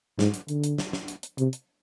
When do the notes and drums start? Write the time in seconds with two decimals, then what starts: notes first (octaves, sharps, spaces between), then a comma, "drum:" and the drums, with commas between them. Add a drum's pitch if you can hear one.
0.19 G#2, drum: snare
0.34 drum: hi-hat
0.48 D3, drum: hi-hat
0.64 drum: hi-hat
0.78 drum: snare
0.93 drum: snare
1.08 drum: hi-hat
1.23 drum: hi-hat
1.38 C3, drum: hi-hat
1.53 drum: hi-hat